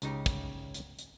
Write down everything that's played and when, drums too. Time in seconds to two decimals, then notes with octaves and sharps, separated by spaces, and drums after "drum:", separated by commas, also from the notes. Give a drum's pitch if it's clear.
0.02 C#2 C#3 D#4 G4, drum: hi-hat
0.26 drum: kick, hi-hat
0.74 drum: hi-hat
0.99 drum: hi-hat